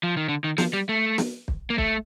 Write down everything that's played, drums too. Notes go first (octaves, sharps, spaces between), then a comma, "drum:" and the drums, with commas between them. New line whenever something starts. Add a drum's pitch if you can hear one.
F3
D#3
D3
D#3
F3, drum: snare
G3
A3
drum: snare
drum: kick
A#3
A3, drum: kick